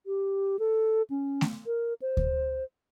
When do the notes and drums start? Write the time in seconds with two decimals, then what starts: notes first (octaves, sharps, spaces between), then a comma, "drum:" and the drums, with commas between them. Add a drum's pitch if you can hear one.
0.06 G4
0.59 A4
1.10 C#4
1.41 drum: snare A3
1.66 A#4
2.02 C5
2.17 drum: kick D2